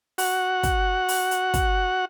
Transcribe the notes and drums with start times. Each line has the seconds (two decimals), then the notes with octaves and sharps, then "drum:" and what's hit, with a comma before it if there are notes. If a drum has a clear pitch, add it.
0.18 F#4 F#5, drum: open hi-hat
0.63 drum: kick, hi-hat
1.08 drum: open hi-hat
1.31 drum: hi-hat
1.54 drum: kick, hi-hat